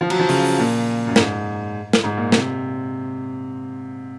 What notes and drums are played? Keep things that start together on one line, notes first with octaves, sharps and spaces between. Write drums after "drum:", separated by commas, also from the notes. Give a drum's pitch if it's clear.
F3
F#3, drum: cymbal
F3
C#3, drum: open hi-hat
A#2
F#2
G#2, drum: snare
drum: snare
G#2
A#2
C3, drum: snare